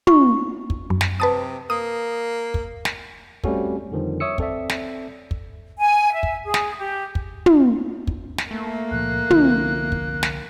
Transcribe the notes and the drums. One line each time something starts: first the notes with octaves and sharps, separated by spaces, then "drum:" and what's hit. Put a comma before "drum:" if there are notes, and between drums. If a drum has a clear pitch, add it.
C#6, drum: tom
drum: kick
F#2
drum: snare
C3 B4 A5 D#6
A#3 D#6
drum: kick
drum: snare
G3 A3 C4 C#4 F#4 A4, drum: kick
F2 D3 D#3 F3 G3
C#5 E5 D#6 E6 C#7
C4 A4 D5 E5, drum: kick
drum: snare
drum: kick
G#5
E5
drum: kick
G#4
drum: snare
G4
drum: kick
drum: tom
drum: kick
drum: snare
A3 A#3
C#2 A#2 F3 F#6
C2 D3 F3, drum: tom
drum: kick
drum: snare